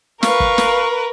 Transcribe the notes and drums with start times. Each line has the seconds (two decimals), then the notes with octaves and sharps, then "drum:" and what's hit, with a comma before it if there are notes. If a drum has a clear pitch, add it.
0.23 A#4 B4 F5 C#6, drum: snare
0.40 drum: kick
0.58 drum: snare